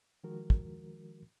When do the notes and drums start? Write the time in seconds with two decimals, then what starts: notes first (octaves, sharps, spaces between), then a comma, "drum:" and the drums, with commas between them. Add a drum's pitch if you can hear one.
0.24 D#3 F3 G#3 F#4 A#4
0.50 drum: kick